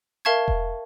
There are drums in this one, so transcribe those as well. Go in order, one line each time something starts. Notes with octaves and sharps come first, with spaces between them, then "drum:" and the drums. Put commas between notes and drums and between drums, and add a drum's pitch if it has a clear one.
A#4 E5 F5 A5 C#6 G#6
drum: kick E1